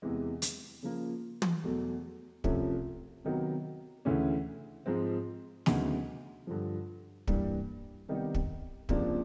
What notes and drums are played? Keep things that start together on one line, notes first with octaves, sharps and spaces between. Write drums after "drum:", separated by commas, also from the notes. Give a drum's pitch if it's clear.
E2 C3 E3 G#3
drum: hi-hat
C#3 F3 A#3
drum: tom
E2 B2 F#3 A3
C2 C3 F3 A3 C#4, drum: kick
C3 D#3 F#3 B3
D2 C#3 E3 A3 C#4
G#2 F3 G#3 C4
D2 C#3 F#3 B3 D#4, drum: snare
G2 D3 F3
G2 E3 G3 A#3, drum: kick
C3 D#3 G3 B3 D#4
drum: kick
C#2 C3 F3 A#3 D4, drum: kick